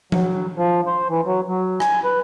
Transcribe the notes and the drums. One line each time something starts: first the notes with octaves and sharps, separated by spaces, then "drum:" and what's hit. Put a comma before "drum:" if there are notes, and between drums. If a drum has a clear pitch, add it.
F#3, drum: tom F3
F3
C5
E3
F#3
F#3
G#5, drum: rim click
B4